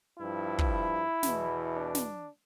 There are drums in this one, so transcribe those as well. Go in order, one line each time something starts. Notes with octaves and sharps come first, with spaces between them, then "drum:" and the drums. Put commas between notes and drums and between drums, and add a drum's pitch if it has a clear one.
G2 F3 E4
drum: kick
E2 B2, drum: snare
D4
drum: snare